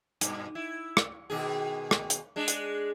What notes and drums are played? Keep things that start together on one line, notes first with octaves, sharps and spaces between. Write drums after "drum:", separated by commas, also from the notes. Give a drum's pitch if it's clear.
G2 B2, drum: hi-hat
E4
drum: rim click
B2 D#3 G#4
drum: rim click
drum: hi-hat
G#3 D4
drum: hi-hat